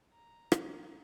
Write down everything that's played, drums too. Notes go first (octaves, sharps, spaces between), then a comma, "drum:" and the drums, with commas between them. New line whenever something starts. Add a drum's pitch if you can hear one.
A#5
drum: rim click